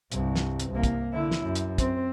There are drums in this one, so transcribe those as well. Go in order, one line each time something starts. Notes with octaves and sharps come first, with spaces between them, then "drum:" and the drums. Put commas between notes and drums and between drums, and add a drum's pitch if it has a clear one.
C2 G2, drum: hi-hat
drum: snare
drum: hi-hat
C2 A#3
drum: kick, hi-hat
D3 E4
drum: snare
F#2
drum: hi-hat
C4, drum: kick, hi-hat